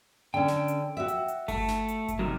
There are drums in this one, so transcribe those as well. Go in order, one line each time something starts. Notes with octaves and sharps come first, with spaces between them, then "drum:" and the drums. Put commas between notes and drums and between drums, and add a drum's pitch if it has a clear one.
D3 C#4 G5
drum: snare
drum: hi-hat
F#4 E5
drum: hi-hat
drum: hi-hat
A3, drum: kick G1, open hi-hat
drum: snare
drum: hi-hat
drum: kick G1, hi-hat
C3 D#3 F#3